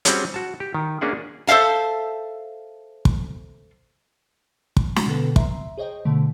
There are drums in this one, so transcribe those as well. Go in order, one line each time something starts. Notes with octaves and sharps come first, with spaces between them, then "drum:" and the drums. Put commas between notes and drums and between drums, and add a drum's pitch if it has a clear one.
G3 C4 C#4 F#4 G#4 C#5, drum: hi-hat
F#4 A5
G4
D#3
A#3 C#4 D4 G#4 E5 F#5
A4 C5 E5 F5 A5
drum: kick
drum: kick
drum: snare
B2 D3 B3 A4 B4
E5 A#5 C6, drum: kick
G#4 C5 C#5 D#5 G5
B2 D3 A3